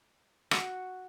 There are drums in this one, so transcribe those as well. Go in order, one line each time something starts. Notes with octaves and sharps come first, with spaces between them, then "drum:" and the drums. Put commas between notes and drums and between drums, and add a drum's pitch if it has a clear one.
F#4, drum: rim click